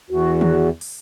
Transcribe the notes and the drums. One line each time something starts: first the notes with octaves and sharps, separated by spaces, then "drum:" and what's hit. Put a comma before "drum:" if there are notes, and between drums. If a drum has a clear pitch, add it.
E2 F#4
drum: tom D#3
drum: open hi-hat